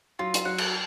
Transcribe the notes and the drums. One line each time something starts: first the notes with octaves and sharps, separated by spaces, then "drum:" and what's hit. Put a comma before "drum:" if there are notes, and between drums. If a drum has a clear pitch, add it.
F#3 F4
drum: hi-hat
F#3 F#5
drum: cymbal